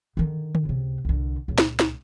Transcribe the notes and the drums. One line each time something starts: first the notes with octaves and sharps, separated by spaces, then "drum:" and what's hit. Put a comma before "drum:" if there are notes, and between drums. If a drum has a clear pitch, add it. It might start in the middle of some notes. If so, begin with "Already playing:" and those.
D3 D#3
drum: tom D3
C#2 C3
C2 D3
C#2 A#2
drum: snare
drum: snare